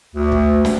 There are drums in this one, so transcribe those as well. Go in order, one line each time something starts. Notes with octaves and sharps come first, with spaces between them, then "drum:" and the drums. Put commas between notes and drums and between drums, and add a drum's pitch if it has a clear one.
D2
drum: kick
drum: snare